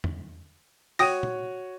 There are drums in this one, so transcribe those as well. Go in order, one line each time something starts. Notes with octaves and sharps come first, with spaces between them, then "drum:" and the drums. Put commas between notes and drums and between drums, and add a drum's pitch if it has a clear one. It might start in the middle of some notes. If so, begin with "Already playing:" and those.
drum: tom
F#4 C#5 G5 D#6 A#6 D#7, drum: open hi-hat
drum: tom A#2